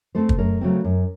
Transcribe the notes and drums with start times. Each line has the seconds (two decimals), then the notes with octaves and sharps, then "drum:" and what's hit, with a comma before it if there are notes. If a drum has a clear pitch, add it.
0.15 A3 C4 A4 C5
0.29 drum: kick
0.38 F#2 A#4 C#5
0.61 C#3 F#3 A3 C4
0.84 F#2